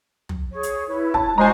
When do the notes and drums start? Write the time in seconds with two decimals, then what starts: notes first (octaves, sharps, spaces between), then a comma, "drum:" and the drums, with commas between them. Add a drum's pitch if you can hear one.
0.29 drum: tom
0.53 G#4 C#5
0.63 drum: hi-hat
0.88 E4 B4 C#5
1.14 A5, drum: kick
1.38 G#3 F#4 C5 D5 G#5 A#5 D#6